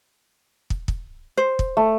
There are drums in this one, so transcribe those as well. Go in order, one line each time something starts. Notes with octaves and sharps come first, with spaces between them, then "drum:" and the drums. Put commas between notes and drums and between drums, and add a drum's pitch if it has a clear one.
drum: kick
drum: kick
C5
drum: kick
A3